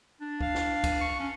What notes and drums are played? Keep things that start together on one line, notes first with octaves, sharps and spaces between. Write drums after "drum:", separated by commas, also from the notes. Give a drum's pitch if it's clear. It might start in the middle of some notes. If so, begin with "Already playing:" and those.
D4
F5, drum: kick
drum: snare
drum: kick, cymbal
C#6
C#4